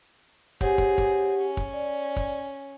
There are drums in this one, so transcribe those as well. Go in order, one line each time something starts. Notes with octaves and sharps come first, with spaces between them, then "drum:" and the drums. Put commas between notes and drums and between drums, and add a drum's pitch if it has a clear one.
C4 G4 G#4 C#5 F#5, drum: kick
drum: kick
drum: kick
C#4
drum: kick
D5
drum: kick